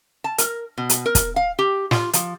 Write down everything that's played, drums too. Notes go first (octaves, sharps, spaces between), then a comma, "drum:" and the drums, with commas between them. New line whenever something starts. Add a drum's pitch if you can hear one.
A5
A#4, drum: hi-hat
B2
drum: hi-hat
A#4
drum: kick, hi-hat
F5
G4
F4, drum: snare
F3, drum: hi-hat